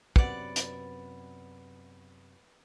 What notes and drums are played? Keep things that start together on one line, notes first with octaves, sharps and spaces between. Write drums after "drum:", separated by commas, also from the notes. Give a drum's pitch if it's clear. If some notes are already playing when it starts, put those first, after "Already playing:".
F#2 C3 B3 B4 D5 F#5, drum: kick
drum: hi-hat